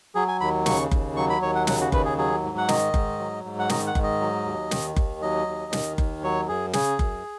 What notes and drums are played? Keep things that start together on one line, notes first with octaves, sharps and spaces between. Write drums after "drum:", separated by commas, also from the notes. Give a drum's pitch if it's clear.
F#3 G#4
G#5
D#2 B5
C#3 C#6, drum: snare
D#2, drum: kick F#1
F#3 C#6
B5
D#2 C#5
F#5
C#3 F#5, drum: snare
F#4
D#2 B4, drum: kick F#1
G#4
F#3 G#4
G#2
F#5
D#3 D#5, drum: snare
G#2, drum: kick F#1
F#3
G#2
F#5
D#3 D#5, drum: snare
F#5
G#2, drum: kick F#1
D#5
F#3
D#2
D#3, drum: snare
D#2, drum: kick F#1
F#3 D#5
D#2
D#3, drum: snare
D#2, drum: kick F#1
F#3 C#5
F#2 G#4
C#3 G#4, drum: snare
F#2, drum: kick F#1